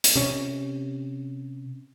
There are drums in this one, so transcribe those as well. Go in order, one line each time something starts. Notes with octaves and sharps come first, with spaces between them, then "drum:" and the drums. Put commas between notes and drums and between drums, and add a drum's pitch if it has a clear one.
drum: hi-hat
C3 C#4